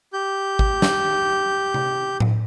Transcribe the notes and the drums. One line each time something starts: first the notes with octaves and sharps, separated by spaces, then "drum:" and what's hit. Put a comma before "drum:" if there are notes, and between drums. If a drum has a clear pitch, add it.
G4 G6
drum: kick G#1
drum: snare
drum: tom C3
drum: tom A2